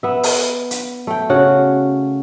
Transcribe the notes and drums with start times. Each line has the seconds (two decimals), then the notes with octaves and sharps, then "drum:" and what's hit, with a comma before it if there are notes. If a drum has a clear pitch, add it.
0.03 B3 E5
0.23 drum: open hi-hat
0.71 drum: hi-hat
1.07 A3 G5
1.30 C#3 F#4 F#5